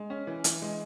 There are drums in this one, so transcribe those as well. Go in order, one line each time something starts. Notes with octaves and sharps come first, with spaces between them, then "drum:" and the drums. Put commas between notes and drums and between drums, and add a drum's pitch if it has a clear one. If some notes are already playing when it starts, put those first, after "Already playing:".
Already playing: G#3
C#4
E3
E3, drum: hi-hat
G#3